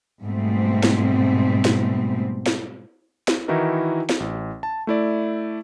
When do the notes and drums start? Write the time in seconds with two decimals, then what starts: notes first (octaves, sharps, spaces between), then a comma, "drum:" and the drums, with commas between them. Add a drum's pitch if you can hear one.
0.22 G#2 B2 G3 A3 C4
0.83 drum: snare
1.65 drum: snare
2.46 drum: snare
3.28 drum: snare
3.48 D#3 E3 D#4 E4 F#4 A#4
4.09 drum: snare
4.20 A1
4.63 A5
4.87 A3 E4 D5